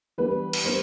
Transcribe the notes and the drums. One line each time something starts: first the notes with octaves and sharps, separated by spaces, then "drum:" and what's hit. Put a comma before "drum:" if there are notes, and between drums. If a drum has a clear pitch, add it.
E3 G3 B3 D4 B4
drum: cymbal
E3 G3 B3 D4 C5